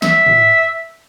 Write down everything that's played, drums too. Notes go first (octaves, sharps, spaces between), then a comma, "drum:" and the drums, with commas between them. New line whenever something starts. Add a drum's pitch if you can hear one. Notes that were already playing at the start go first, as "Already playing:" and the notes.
E5, drum: snare
drum: tom G#2